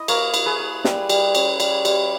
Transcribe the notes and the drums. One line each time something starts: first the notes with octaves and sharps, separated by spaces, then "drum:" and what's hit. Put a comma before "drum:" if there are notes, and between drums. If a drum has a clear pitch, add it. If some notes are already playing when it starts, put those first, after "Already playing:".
Already playing: E4 D#5
A#3 A#4 C#5, drum: cymbal
E4, drum: cymbal
G#4 B4
E4
G3, drum: snare
G3, drum: cymbal
C#4, drum: cymbal
G3, drum: cymbal
G3, drum: cymbal